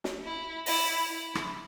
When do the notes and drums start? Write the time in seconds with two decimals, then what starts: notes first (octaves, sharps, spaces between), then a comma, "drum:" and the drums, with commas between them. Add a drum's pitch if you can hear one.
0.04 drum: snare
0.24 E4
0.66 E4, drum: open hi-hat
1.08 E4
1.35 drum: rim click